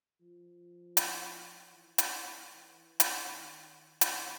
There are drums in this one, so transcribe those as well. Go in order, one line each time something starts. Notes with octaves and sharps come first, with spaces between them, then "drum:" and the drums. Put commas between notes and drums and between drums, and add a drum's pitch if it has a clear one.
F3
drum: hi-hat
E3
drum: hi-hat
drum: hi-hat
D#3
drum: hi-hat